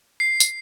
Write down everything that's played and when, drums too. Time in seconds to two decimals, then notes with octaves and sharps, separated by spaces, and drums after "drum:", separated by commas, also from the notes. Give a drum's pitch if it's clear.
0.20 C7
0.40 drum: tambourine